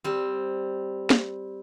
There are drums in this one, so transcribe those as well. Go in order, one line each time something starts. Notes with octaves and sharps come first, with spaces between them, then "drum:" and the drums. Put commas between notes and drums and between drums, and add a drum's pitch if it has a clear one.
G3 C4
drum: snare